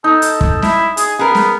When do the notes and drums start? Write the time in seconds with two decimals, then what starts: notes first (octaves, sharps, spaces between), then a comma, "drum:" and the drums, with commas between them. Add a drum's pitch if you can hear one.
0.04 D#4 A4
0.22 drum: hi-hat
0.41 drum: kick
0.62 E4, drum: snare
0.97 G#4, drum: hi-hat
1.19 B3 G#4 A#4
1.35 drum: snare